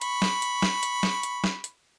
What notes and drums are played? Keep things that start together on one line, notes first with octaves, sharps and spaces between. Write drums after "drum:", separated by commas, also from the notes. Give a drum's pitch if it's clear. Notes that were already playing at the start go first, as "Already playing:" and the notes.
B5 C#6, drum: hi-hat
drum: snare
drum: hi-hat
drum: snare
drum: hi-hat
drum: snare
drum: hi-hat
drum: snare
drum: hi-hat